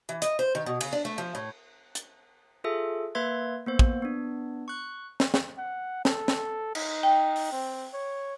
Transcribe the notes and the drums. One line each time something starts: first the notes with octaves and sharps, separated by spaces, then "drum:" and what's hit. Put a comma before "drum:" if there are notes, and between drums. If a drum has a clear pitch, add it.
E3
D#5, drum: hi-hat
C5
D#3
B2
C#3, drum: cymbal
D4
A3
F3
A2
drum: hi-hat
F4 G#4 A4 E5
A#3 B4 E5 C6 G#6
A#3 B3 C5
drum: kick
B3 D4
C#6 F#6
drum: snare
drum: snare
F#5
A4, drum: snare
drum: snare
D#4, drum: cymbal
G5
drum: open hi-hat
C4
C#5